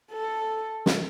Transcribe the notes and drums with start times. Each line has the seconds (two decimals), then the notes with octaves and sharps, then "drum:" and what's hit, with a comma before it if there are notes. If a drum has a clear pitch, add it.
0.12 A4
0.86 drum: snare